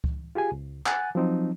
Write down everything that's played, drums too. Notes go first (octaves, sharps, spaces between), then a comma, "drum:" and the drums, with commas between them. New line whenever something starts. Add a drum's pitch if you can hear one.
drum: kick C#2
F4 G4 G#4 G#5
C#2
F#5 G#5 F#6 A6, drum: clap
F3 F#3 C4 D#4